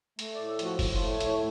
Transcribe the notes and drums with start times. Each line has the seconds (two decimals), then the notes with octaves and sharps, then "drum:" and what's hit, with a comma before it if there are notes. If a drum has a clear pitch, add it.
0.19 A3, drum: hi-hat
0.34 A2 D5
0.49 A4
0.59 F3 F#4, drum: hi-hat
0.79 A2, drum: kick F1, open hi-hat
0.95 A3 F4
1.10 C#5
1.20 A2 C#5, drum: hi-hat